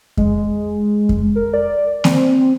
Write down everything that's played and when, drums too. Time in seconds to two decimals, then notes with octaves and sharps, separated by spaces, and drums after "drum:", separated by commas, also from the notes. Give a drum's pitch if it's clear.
0.17 G#3, drum: kick F2
1.09 drum: kick F2
1.35 A#4
1.54 D5
2.04 C4, drum: snare A#3